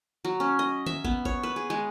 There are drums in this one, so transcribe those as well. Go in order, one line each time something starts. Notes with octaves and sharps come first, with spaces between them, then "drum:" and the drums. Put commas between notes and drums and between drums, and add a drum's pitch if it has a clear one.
F#3
C#4
D#5
E5, drum: tom D#3
B3, drum: kick
C#5, drum: kick
B4
G#4
G#3